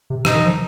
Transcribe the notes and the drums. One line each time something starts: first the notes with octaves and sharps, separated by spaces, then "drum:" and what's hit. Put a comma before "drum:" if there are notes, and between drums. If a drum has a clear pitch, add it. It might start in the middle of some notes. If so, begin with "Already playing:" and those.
C3
C3 D#4, drum: rim click
D#3
F3